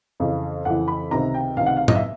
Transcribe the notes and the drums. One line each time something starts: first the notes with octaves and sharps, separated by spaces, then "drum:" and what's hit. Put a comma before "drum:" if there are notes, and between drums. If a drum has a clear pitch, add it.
F2 C#3 E3
F2 C#3 E3 F#5
B5
C#2 C3 D#3 A#5
G5
C#2 C3 D#3 F5
F#5
F5
D#5, drum: tom A2
E5